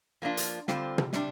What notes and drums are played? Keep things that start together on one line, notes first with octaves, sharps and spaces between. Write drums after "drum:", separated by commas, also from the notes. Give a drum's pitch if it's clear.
F3 A#3 D4 F4
drum: hi-hat
D3 G3 C4 F4 C5, drum: snare
drum: tom
C3 G3 D4, drum: snare